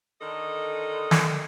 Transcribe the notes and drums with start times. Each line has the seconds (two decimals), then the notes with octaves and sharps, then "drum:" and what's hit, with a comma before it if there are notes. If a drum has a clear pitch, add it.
0.21 D3 D#3 A4 D#5
1.11 drum: snare